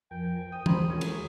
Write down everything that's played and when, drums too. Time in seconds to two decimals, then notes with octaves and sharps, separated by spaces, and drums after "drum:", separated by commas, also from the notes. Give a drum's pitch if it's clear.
0.11 F2 F3 A#4 G5 G#5
0.52 G5 D#6
0.66 E2 F#3 G#3 C5 A#5 B5, drum: tom
0.88 D#2 F3 G#3 C#4 G#4 A#4
1.01 F#3, drum: cymbal